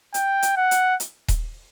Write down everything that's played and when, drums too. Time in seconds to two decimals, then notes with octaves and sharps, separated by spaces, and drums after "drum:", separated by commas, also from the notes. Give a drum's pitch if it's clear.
0.14 G5, drum: hi-hat
0.42 drum: hi-hat
0.57 F#5
0.71 drum: hi-hat
1.00 drum: hi-hat
1.28 drum: kick D#1, hi-hat